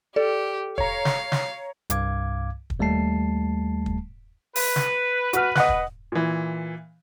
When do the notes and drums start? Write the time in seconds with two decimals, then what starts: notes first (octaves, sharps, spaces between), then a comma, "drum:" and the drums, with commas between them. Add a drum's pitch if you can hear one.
0.16 G4 A4 D5
0.78 C#5 F5 A#5, drum: kick
1.05 drum: snare
1.32 drum: snare
1.90 C2 G2 F5 D6 G#6, drum: hi-hat
2.70 drum: kick
2.79 D#2 G3 A3 A5 C7
3.86 drum: kick
4.56 B4, drum: open hi-hat
4.76 drum: snare
5.33 F#4 F6, drum: hi-hat
5.55 D#5 F#5 F#6, drum: snare
5.69 drum: kick
6.12 A#2 E3